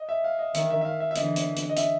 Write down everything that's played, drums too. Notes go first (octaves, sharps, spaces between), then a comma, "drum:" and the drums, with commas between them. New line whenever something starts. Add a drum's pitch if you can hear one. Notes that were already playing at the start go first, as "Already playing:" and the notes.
Already playing: D#5
E5
F5
D#5
D#3 E5, drum: hi-hat
E5
E5
F5
E5
E5
D3 E3 D#5, drum: hi-hat
drum: hi-hat
drum: hi-hat
D#5
E5, drum: hi-hat